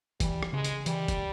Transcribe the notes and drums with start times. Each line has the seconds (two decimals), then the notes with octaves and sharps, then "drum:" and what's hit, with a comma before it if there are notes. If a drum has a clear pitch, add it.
0.20 E3 G3, drum: kick, hi-hat
0.43 drum: rim click
0.53 C#3 G#3
0.64 drum: hi-hat
0.86 E3 G3, drum: hi-hat
1.08 drum: kick, hi-hat